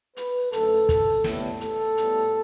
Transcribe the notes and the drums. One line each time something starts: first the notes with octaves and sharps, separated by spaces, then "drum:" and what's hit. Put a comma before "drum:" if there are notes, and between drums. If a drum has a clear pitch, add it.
B4, drum: hi-hat
F#2 D3 A3 A4, drum: hi-hat
drum: kick, hi-hat
A2 G3 B3, drum: snare
A4, drum: hi-hat
A2 G3 B3, drum: hi-hat